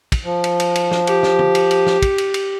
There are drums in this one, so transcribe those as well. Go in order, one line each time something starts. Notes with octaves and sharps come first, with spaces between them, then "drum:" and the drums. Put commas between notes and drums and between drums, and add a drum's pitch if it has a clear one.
drum: kick, cymbal
F3
drum: cymbal
drum: cymbal
drum: cymbal
drum: snare
G4, drum: cymbal
drum: snare
drum: tom
drum: cymbal
drum: cymbal
drum: snare
drum: kick, cymbal
drum: cymbal
drum: cymbal